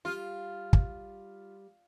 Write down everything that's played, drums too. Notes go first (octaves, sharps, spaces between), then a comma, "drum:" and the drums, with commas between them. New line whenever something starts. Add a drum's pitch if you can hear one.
G3 F4
drum: kick